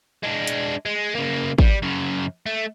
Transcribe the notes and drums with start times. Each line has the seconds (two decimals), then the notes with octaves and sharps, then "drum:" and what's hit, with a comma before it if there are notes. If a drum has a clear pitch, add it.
0.24 G#3 D4
0.47 drum: hi-hat
0.86 G#3
1.15 C#3 A#3
1.58 G3, drum: kick G#1
1.82 F#2 C#3
2.46 A3